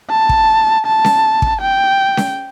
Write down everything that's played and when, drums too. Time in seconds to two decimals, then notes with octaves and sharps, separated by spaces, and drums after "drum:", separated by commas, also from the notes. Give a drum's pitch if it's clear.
0.10 A5
0.29 drum: kick
0.86 A5
1.04 drum: snare C#4
1.42 drum: kick
1.61 G5
2.17 drum: snare C#4